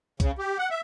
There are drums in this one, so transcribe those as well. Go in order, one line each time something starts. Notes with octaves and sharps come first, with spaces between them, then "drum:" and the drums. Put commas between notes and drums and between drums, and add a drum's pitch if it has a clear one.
C#3, drum: kick, hi-hat
G4
F#5
E5